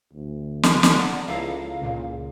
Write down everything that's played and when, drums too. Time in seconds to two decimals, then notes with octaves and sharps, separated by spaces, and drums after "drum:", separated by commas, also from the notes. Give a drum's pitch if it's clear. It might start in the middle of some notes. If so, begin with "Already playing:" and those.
0.14 D2
0.63 drum: snare
0.83 drum: snare
0.97 D5 F#5 A5 A#5
1.27 C#2 E4 A4 F5 A#5
1.81 C#2 A#2 C#3